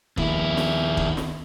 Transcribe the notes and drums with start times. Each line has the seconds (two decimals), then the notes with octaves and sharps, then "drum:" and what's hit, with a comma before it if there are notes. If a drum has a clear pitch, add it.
0.17 D#2 E4, drum: kick
0.57 drum: snare
0.97 drum: kick
1.17 drum: snare